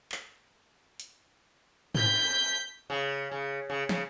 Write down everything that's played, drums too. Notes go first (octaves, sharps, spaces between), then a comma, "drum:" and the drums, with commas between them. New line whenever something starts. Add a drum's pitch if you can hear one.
drum: clap
drum: hi-hat
G6 B6, drum: tom G#2
C#3
C#3
C#3
C#3, drum: snare